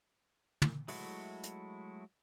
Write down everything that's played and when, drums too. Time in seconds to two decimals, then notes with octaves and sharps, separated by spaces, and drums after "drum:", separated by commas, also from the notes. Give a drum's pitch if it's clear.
0.62 drum: tom
0.88 F#3 G#3 A3 E4 F#4, drum: open hi-hat
1.44 drum: hi-hat